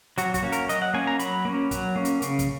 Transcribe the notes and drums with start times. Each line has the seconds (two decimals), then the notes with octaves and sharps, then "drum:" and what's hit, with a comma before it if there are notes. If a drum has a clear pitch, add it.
0.18 F#3 F#4, drum: hi-hat
0.34 F#4, drum: kick, hi-hat
0.43 A#3 C#4
0.52 A#4, drum: hi-hat
0.69 F#3 D#5, drum: hi-hat
0.82 F#5
0.94 A#3 C#4 G#5
1.07 A#5
1.19 F#3 B5, drum: hi-hat
1.45 A#3 C#4
1.71 F#3, drum: kick, hi-hat
1.96 A#3 C#4
2.05 drum: hi-hat
2.22 C#3, drum: hi-hat
2.39 drum: kick, hi-hat